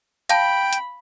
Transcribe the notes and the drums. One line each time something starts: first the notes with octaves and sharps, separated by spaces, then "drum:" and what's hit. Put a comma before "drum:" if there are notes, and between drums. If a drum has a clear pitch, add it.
F5 G5 A5 B5, drum: hi-hat
drum: hi-hat